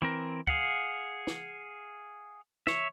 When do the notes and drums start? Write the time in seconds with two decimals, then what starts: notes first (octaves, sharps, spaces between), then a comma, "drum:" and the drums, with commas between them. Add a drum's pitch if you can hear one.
0.02 E3 C4 A#4
0.47 G#4 F5 F#5, drum: kick
1.27 drum: snare
2.67 C#5 E5, drum: snare